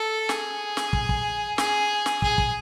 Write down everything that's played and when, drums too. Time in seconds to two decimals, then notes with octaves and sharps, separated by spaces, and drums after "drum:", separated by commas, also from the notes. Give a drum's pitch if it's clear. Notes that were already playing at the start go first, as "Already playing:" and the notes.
Already playing: A4
0.29 G#4, drum: snare
0.77 drum: snare
0.93 drum: kick
1.09 drum: kick
1.58 G#4, drum: snare
2.06 drum: snare
2.22 G#4, drum: kick
2.38 drum: kick